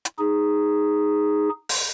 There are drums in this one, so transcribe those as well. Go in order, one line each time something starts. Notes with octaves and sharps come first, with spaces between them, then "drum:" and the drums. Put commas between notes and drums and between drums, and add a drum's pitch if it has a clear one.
drum: hi-hat
D#4 G#4
drum: open hi-hat